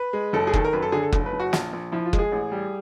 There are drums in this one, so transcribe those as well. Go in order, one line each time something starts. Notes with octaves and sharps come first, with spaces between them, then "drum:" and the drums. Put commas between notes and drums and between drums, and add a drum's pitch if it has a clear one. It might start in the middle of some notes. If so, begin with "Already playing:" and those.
Already playing: B4
G#3
F#1 A4
G#4
D#3 A4, drum: kick F#1
A#4
F#2 B4
A4
D3 G#4
A4
F#1, drum: kick F#1
B4
F#1
F#4
A#1, drum: snare
A#1
F3 E4
F4
G#3, drum: kick F#1
G#4
A1
G3